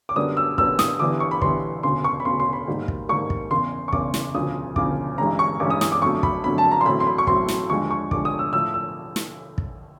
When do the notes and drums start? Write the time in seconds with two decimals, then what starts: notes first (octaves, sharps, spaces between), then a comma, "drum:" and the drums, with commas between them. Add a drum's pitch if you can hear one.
0.09 D6
0.16 F#2 D3 G3 B3 D#6
0.37 E6
0.58 F#2 D3 G3 B3 E6, drum: kick
0.79 D#6, drum: snare
1.00 G1 G2 E3 G3 B3 D6
1.20 C#6
1.31 B5
1.42 G1 G2 E3 G3 B3 C6, drum: kick
1.83 E1 D2 C#3 C6
2.04 C#6
2.20 B5
2.25 E1 D2 C#3 C6
2.40 C6
2.53 B5
2.67 G#2 D#3 G3 A#3
2.88 drum: kick
3.09 G#2 D#3 G3 A#3 C#6
3.30 drum: kick
3.51 F#1 E2 C#3 C6
3.88 C#6
3.93 F#1 E2 C#3 D6, drum: kick
4.14 drum: snare
4.34 E1 D2 C#3 F3 D#6
4.76 E1 D2 C#3 F3 D6, drum: kick
5.18 A1 G2 E3 G#3 C#4 A#5
5.39 C#6
5.60 A1 G2 E3 G#3 C#4 D6
5.70 D#6
5.81 D#6, drum: snare
5.92 D6
6.02 G1 F2 D3 F#3 A3 C#6
6.23 B5, drum: kick
6.44 G1 F2 D3 F#3 A3 B5
6.58 A5
6.71 A#5
6.81 C6
6.86 A1 A2 F#3 A3 C4 B5
7.00 C6
7.07 B5
7.18 C#6
7.27 A1 A2 F#3 A3 C4 C6, drum: kick
7.48 drum: snare
7.70 D#2 D3 F3 G#3 C#6
7.91 C#6
8.11 D#2 D3 F3 G#3 D6, drum: kick
8.25 D#6
8.39 E6
8.53 A2 F3 A3 E6
8.74 E6
9.16 drum: snare
9.58 drum: kick